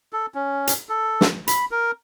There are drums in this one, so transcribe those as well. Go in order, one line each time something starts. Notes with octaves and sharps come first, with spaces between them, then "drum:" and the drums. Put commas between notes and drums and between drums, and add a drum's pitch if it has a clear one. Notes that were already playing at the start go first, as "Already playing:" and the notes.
A4
C#4
drum: hi-hat
A4
drum: snare
B5, drum: hi-hat
A#4